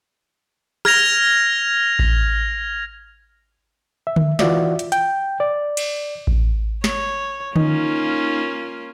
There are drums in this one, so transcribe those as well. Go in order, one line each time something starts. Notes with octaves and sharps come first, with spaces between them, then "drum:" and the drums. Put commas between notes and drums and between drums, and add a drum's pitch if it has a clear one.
F6 G#6 A#6 F7, drum: rim click
drum: kick A1
E5
drum: tom D3
E3 F4 F#4 D5 E5, drum: snare
drum: hi-hat
G5, drum: hi-hat
D5
drum: cymbal
drum: kick A1
C#5, drum: snare
A#3 C#4 D#4 F4, drum: tom D3